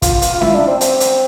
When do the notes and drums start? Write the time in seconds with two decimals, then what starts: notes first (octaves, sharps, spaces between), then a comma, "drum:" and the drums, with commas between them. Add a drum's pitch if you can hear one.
0.02 F4, drum: kick, hi-hat
0.22 drum: hi-hat
0.34 F4
0.41 E4, drum: snare C#4
0.54 D4
0.68 C4
0.81 drum: hi-hat
1.00 drum: hi-hat